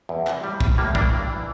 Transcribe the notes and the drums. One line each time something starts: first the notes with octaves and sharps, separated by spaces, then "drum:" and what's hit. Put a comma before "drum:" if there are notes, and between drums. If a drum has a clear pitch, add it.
E2
C3 E3, drum: clap
A2 G3
E3, drum: kick
A2 G3 A#3
E3 A#3 D4, drum: kick
G2
E3